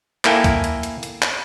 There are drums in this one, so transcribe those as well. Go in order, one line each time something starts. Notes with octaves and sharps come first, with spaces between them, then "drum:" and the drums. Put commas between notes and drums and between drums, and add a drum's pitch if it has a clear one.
A#3 E4 A4 G5 G#5, drum: clap
drum: kick, hi-hat
drum: hi-hat
drum: hi-hat
drum: hi-hat
drum: clap